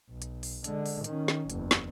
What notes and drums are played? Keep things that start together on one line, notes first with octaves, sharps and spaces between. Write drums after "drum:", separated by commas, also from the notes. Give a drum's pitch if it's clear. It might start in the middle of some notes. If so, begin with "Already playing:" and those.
B1
drum: hi-hat
drum: open hi-hat
D3 G#3, drum: hi-hat
drum: open hi-hat
D#3 C#4, drum: hi-hat
drum: snare
F#1 E2, drum: hi-hat
drum: snare